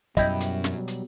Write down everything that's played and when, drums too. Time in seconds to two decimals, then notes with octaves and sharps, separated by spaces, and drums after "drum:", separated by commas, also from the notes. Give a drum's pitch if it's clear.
0.17 F#2 B2 F#3 G3 E4 D#5 G5, drum: kick, hi-hat
0.40 drum: hi-hat
0.64 drum: snare
0.88 drum: hi-hat